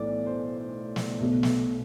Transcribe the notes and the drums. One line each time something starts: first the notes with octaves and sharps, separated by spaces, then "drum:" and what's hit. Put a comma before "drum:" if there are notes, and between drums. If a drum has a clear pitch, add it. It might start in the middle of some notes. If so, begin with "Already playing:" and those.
Already playing: B1 A2 E3 A3 D5
C5
drum: snare
B1 B2 A3
drum: snare